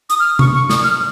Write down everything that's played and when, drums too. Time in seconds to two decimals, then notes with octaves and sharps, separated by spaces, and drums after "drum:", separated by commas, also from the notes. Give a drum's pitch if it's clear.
0.10 D#6, drum: hi-hat
0.19 F6
0.39 C#6, drum: tom C3
0.54 C#6
0.70 D#6, drum: snare
0.84 F6